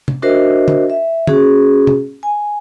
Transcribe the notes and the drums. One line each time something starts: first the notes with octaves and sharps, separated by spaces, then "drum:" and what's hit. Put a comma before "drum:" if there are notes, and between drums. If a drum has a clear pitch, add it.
drum: tom
D4 F#4 A#4 C5 D#5 E5
drum: tom
E5
C#4 F#4 G#4, drum: tom
drum: tom
G#5